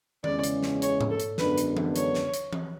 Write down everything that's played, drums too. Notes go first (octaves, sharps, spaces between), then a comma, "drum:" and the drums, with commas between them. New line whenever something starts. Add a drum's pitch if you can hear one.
E2 C#3 G#3 C#4 D5, drum: tom D#3
drum: hi-hat
drum: snare
C#5, drum: hi-hat
drum: tom G#2
A4
drum: hi-hat
F#2 D3 G#3 B3 D4 B4, drum: snare
drum: hi-hat
drum: tom E3
C#5, drum: hi-hat
drum: snare
drum: hi-hat
drum: tom E3